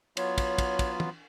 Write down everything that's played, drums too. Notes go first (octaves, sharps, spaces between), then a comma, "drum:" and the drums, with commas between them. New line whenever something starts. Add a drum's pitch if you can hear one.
F#3 B3 F4 C#5, drum: cymbal
drum: kick, cymbal
drum: kick, cymbal
drum: kick, cymbal
drum: tom